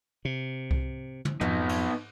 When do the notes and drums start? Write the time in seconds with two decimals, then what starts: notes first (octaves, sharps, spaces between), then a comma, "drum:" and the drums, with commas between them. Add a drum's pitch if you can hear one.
0.25 C3
0.71 drum: kick C2
1.25 drum: tom
1.41 F2 B3 D#4, drum: tom
1.69 drum: cymbal